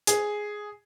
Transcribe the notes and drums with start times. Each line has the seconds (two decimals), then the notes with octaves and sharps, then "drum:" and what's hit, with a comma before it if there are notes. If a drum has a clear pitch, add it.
0.07 G#4, drum: hi-hat